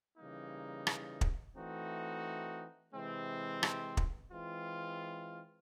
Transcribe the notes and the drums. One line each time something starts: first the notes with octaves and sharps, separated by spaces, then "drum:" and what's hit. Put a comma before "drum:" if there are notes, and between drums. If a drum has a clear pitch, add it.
C#3 E3 G3 A#3 D#4
drum: rim click
drum: kick
E3 A3 C4 D#4 F#4
C3 E3 G#3 C4
drum: rim click
drum: kick
E3 G#3 C4 F4